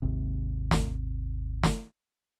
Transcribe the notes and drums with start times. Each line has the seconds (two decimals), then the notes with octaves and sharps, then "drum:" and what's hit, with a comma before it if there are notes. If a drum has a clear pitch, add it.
0.02 G#1 D#2 C3
0.71 drum: snare
1.63 drum: snare